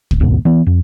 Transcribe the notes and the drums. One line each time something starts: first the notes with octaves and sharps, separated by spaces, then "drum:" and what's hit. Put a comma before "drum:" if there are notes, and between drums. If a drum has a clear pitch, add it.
drum: kick
A#1 D#2 G#2 B2
E3 B3
F2